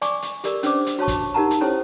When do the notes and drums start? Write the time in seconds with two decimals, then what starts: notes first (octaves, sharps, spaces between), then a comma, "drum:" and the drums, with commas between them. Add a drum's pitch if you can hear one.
0.02 D5 G#5 C#6 D6, drum: hi-hat
0.22 drum: hi-hat
0.44 G4 A4 A#4 D5, drum: hi-hat
0.63 C#4 D4 B4 C5 D5 D6, drum: hi-hat
0.86 drum: hi-hat
0.99 F#4 C#5 A5 C#6
1.08 drum: kick, hi-hat
1.34 D#4 G4 A#4 F#5 A5 A#5
1.51 drum: hi-hat
1.61 C#4 E4 G4 A4 C5 C#5